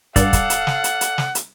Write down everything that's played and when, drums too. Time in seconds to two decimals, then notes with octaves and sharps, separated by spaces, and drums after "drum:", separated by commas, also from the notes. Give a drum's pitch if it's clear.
0.16 G2 A4 D5 F5 F#5, drum: kick, hi-hat
0.33 drum: kick, hi-hat
0.50 drum: hi-hat
0.67 drum: snare
0.84 drum: hi-hat
1.01 drum: hi-hat
1.18 drum: snare
1.35 drum: hi-hat